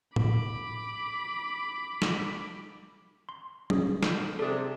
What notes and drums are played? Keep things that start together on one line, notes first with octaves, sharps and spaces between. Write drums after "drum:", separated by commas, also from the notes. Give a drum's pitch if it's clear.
B5 D6, drum: tom A2
drum: snare
C6
C#4 G#4, drum: tom
F6 G6, drum: snare
C3 D4 G#4 A4